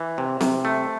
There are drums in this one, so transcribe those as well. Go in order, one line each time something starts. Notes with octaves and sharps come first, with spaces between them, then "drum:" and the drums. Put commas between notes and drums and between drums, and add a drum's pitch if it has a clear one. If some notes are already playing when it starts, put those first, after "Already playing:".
Already playing: E3
C3
C3, drum: snare C4
A3